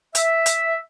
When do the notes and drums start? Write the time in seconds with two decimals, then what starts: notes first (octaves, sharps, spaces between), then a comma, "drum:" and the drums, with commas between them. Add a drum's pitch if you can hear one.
0.15 E5, drum: hi-hat
0.46 drum: hi-hat